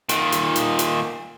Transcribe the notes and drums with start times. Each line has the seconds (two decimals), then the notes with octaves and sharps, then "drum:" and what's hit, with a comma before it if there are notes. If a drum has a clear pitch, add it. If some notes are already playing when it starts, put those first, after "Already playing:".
0.09 A#2 D#3, drum: hi-hat
0.32 drum: hi-hat
0.56 drum: hi-hat
0.79 drum: hi-hat